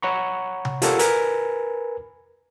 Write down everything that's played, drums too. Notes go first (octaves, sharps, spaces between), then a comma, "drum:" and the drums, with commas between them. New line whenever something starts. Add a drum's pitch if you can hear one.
C#5 F#5 A#5 B5 C#6
drum: tom C3
F4 G4 A4 A#4 C#5 F#5, drum: hi-hat
A#4 B4 G#5 B5, drum: hi-hat